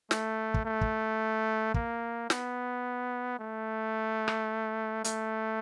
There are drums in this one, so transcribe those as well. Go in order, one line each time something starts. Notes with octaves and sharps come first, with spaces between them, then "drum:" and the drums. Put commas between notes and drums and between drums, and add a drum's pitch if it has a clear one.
A3, drum: snare
drum: kick
A3
drum: kick
A#3, drum: kick
B3, drum: snare
A3
drum: rim click
A3, drum: hi-hat